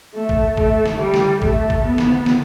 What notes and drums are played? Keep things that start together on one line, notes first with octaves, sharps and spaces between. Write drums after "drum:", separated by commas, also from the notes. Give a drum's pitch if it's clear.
A3
drum: kick
A3, drum: kick
drum: snare
G3
drum: snare
A3, drum: kick
drum: kick
B3
drum: snare
drum: snare